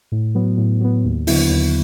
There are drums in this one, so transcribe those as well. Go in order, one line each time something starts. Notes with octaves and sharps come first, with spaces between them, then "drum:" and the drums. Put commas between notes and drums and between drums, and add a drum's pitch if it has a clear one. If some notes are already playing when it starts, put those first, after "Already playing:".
A2
F#3 B3
A2
F#3 B3
D#2
D3 F#3 B3 E4, drum: open hi-hat
D#2